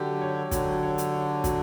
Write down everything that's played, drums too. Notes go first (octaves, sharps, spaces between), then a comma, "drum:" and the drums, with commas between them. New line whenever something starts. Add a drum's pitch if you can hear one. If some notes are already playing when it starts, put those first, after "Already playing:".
Already playing: D3 F#3 G4
C#5
D3 F#3, drum: kick, hi-hat
C#5
drum: hi-hat
C#5
F#3, drum: kick, hi-hat